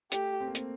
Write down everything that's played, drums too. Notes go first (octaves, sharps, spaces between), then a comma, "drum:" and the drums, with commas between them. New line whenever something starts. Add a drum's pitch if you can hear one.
A3 G4, drum: hi-hat
C4
A#3
C4, drum: hi-hat